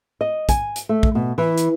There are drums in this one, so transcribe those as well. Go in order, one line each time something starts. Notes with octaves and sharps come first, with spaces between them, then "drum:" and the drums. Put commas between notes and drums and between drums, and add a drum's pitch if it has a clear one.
D#5
G#5, drum: kick, hi-hat
drum: hi-hat
A3
drum: kick
B2
E3
drum: hi-hat